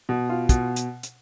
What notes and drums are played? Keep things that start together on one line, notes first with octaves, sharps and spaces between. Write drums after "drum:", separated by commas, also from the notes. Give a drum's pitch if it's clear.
B2
F4
B2, drum: kick, hi-hat
drum: hi-hat
drum: hi-hat